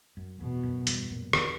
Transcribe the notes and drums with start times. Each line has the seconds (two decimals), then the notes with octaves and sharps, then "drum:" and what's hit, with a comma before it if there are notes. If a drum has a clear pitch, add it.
0.17 F#2
0.40 E2 B2
0.63 F#2
0.87 E2 G2, drum: hi-hat
1.11 F#2 A#2
1.33 E2, drum: rim click